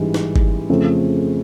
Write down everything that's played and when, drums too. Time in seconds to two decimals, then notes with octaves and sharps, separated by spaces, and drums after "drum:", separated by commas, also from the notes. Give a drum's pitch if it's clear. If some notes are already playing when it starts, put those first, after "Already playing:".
Already playing: A1 G#2 E3 G3
0.14 drum: snare
0.36 drum: kick G1
0.70 F2 C#3 F3 A3 C4